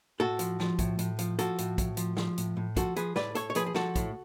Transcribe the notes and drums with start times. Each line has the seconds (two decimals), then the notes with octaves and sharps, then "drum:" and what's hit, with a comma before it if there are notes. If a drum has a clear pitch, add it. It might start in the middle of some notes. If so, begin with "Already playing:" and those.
0.20 A2 F#4 A4
0.39 F3, drum: hi-hat
0.60 F3, drum: snare
0.79 A2, drum: kick, hi-hat
0.99 A2, drum: hi-hat
1.19 F3, drum: hi-hat
1.39 F3 F#4 A4, drum: hi-hat
1.58 A2, drum: hi-hat
1.78 A2, drum: kick, hi-hat
1.97 F3, drum: hi-hat
2.17 F3, drum: snare
2.38 A2, drum: hi-hat
2.57 A2
2.76 F3 F#4 A4, drum: kick, hi-hat
2.96 F3 G#4 B4, drum: hi-hat
3.16 A2 B4 D5, drum: snare
3.35 A2 A4 C#5, drum: hi-hat
3.50 C#5
3.55 F3 G#4 B4, drum: hi-hat
3.66 G#4
3.75 F3 F#4 A4, drum: snare
3.96 A2, drum: kick, hi-hat